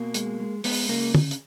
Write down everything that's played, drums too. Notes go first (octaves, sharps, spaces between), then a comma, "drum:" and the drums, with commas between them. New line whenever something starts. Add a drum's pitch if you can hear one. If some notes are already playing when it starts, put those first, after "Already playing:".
Already playing: B2 A#3
G#3, drum: hi-hat
G#3
G#3 B3, drum: open hi-hat
C#3 A#3
drum: tom
drum: hi-hat